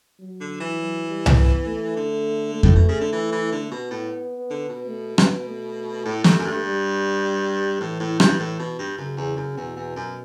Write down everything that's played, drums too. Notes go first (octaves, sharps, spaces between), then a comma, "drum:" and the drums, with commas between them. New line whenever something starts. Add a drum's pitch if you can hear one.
F#3
D3
E3
F#3
G3
drum: tom C2
B3
A3
D3
A3
A2, drum: kick F2
B2
C#3
D3
E3
E3
D3
B2 B3
A2
D3
B2
A3
B3, drum: rim click
A3
A2
G2, drum: snare
F#2
G2
G3
A2 E3
A2
G2, drum: rim click
A2
B2
G2
F#2 C#3
E2
F#2
E2 B2
E2
F#2